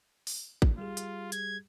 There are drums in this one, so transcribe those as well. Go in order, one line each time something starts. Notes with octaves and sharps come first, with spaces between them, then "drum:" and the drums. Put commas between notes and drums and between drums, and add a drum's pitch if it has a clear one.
drum: open hi-hat
drum: kick
G3 F4 G4 G#4
drum: hi-hat
G#6, drum: hi-hat